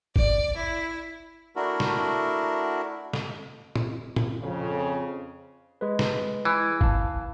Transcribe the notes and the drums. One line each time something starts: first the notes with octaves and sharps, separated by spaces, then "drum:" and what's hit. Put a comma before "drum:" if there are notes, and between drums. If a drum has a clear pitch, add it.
D5, drum: kick G#1
E4
A3 D4 E4 F#4 A#4
drum: snare
drum: snare
drum: tom
drum: tom
F2 C#3
G#3 B4
drum: snare
E3
F5 A5, drum: kick G#1